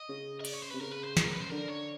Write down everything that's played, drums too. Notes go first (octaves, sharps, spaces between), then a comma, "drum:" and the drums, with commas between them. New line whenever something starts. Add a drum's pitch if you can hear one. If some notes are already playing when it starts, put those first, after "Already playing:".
Already playing: D#5
C#3
D#5
D5, drum: cymbal
C#5
C5
C3 B4
C#3 A#4
B4
C5
C5, drum: snare
A#4
B4
C5
D3 A#4
C#5